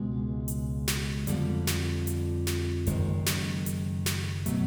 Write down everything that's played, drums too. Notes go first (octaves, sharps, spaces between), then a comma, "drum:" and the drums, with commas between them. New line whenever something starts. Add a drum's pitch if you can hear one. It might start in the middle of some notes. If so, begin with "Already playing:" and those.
Already playing: C#2 B2 G#3 B3
drum: hi-hat
drum: snare
F2 D3 G3, drum: hi-hat
drum: snare
drum: hi-hat
drum: snare
F#1 F#2 D#3 G#3, drum: hi-hat
drum: snare
drum: hi-hat
drum: snare
B2 F#3 A3, drum: hi-hat